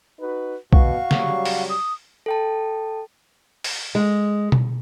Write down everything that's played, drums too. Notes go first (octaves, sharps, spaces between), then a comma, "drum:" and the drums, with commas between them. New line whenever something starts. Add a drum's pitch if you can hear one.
D#4 F#4 B4
B2 F#4 F5 C#6, drum: kick B1
C#3 F#3 G3, drum: snare
drum: open hi-hat
D#6
A4 G5 A5
drum: open hi-hat
G#3
drum: tom B2